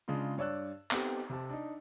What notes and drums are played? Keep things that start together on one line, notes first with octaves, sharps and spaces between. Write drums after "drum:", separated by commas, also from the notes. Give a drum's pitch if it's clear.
C#3 G#3 D4 F4
G2 C#5 D5 E6 F#6
B3 C4 D#4 G4 A4, drum: clap
C3 A5
D4 D#4